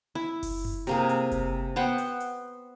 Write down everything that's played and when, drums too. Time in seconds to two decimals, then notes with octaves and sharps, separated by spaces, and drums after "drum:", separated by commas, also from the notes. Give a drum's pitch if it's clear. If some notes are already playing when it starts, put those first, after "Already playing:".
0.15 E4
0.43 drum: kick F#1, open hi-hat
0.65 drum: tom F#2
0.87 C3 A#3 G#4, drum: hi-hat
1.09 drum: hi-hat
1.31 drum: kick F#1, hi-hat
1.76 B3 C5 F#5 G5
1.98 drum: hi-hat
2.20 drum: hi-hat